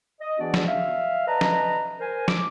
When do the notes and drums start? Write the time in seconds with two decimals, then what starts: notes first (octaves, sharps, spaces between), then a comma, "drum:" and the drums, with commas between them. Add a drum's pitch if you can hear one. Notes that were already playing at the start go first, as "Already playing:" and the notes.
0.21 D#5
0.39 E3 B3 D4 F#4 G#4 D5
0.54 drum: snare
0.67 E5 F5
1.27 B4 D5 D#5 A5 A#5
1.41 drum: snare
2.00 A#4 C5 G#5
2.28 D6, drum: snare